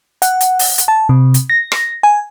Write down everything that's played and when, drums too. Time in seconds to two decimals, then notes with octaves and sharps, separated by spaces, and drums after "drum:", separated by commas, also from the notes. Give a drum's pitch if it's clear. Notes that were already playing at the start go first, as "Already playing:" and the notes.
0.22 F#5, drum: hi-hat
0.41 drum: hi-hat
0.59 drum: open hi-hat
0.78 drum: hi-hat
0.88 A5
1.09 C3
1.34 drum: hi-hat
1.50 A#6
1.72 drum: rim click
2.03 G#5